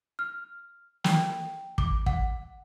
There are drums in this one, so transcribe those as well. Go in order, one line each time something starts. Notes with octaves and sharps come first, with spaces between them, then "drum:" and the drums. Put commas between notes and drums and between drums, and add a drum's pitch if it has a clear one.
F6
G5, drum: snare
D6, drum: kick
F#5, drum: kick